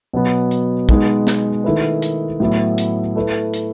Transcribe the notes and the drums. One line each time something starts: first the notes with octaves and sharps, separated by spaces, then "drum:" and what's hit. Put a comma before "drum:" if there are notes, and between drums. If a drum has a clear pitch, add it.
B2 F#3 B3
drum: hi-hat
B2 G#3 B3 D#4 G#4, drum: kick
drum: snare
D#3 A3 E4 B4
drum: hi-hat
A2 F#3 B3 E4
drum: hi-hat
A3 E4 B4
drum: hi-hat